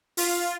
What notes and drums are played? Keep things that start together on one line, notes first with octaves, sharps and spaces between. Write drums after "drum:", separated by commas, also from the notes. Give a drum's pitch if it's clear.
F4, drum: open hi-hat